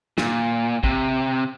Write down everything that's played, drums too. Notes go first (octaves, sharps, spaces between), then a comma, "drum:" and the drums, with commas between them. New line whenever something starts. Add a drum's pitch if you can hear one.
A#2, drum: snare
C3, drum: kick